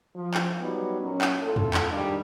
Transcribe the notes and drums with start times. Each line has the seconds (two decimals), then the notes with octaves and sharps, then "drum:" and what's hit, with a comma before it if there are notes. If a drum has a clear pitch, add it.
0.15 F3
0.34 drum: clap
0.60 F#3 G3 B3 D#4 F#4
0.99 A#2 F#3 C#4
1.21 drum: clap
1.43 A2 F4 A4
1.56 drum: tom
1.74 drum: clap
1.91 G#2 D#3 G3 D4 G4